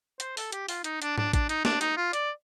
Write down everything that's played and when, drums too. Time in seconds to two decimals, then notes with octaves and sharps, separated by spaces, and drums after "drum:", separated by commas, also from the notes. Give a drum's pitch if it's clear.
0.20 C5, drum: hi-hat
0.37 A4, drum: open hi-hat
0.52 G4, drum: hi-hat
0.68 F4, drum: open hi-hat
0.84 D#4, drum: hi-hat
1.02 D4, drum: hi-hat
1.18 D4, drum: tom G#2
1.33 D4, drum: kick A1, hi-hat
1.49 D#4, drum: hi-hat
1.65 D4, drum: snare
1.81 D#4, drum: hi-hat
1.97 F4
2.13 D5, drum: hi-hat